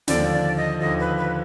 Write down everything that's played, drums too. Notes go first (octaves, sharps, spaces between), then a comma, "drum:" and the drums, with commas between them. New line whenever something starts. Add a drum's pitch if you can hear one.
D#2 D3 F3 D5, drum: snare
D5
D#5
D#2 D3 F3 D#5
B4
B4